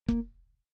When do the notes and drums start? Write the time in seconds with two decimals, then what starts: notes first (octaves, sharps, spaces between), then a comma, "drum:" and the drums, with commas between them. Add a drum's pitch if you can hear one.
0.08 A#3, drum: kick F1